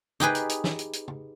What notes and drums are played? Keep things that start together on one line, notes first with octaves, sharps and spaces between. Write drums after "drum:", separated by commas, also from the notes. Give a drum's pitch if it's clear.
D#4 G4 G#4 B4, drum: tom
drum: hi-hat
drum: hi-hat
drum: snare
drum: hi-hat
drum: hi-hat
drum: tom